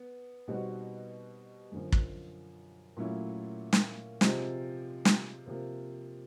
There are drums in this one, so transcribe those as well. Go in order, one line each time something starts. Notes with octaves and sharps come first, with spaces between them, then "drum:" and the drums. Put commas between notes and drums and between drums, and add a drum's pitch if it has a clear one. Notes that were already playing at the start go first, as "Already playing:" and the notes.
Already playing: B3
B2 G3 C4 D#4 F#4
F#2 D3 F3
drum: kick
A#2 F#3 A3 C#4 E4
drum: snare
C3 F3 G#3, drum: snare
drum: snare
C3 F3 A#3